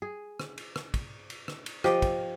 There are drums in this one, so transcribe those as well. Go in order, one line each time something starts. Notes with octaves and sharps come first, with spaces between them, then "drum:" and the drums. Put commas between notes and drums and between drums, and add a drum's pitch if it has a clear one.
G#4
drum: rim click
drum: cymbal
drum: rim click
drum: kick, cymbal
drum: cymbal
drum: rim click
drum: cymbal
F3 G4 D#5, drum: rim click
drum: kick, cymbal